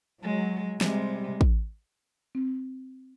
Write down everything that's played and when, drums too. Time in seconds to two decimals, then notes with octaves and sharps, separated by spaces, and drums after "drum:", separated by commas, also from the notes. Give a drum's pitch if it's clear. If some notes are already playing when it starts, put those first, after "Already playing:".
0.23 F#3 G#3
0.81 C3 G3 G#3, drum: snare
1.41 drum: kick A1
2.35 C4